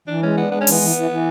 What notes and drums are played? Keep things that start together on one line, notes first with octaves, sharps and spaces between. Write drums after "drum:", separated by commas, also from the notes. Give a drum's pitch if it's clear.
E3 D4
G#3 C#4
B3 D4
G#3 B3
C#4
E3 B3, drum: open hi-hat
E3
E3
E3